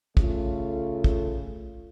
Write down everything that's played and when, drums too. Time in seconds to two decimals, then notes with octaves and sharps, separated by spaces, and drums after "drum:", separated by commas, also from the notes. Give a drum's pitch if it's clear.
0.17 C#3 A3 F4 A4, drum: kick
1.04 drum: kick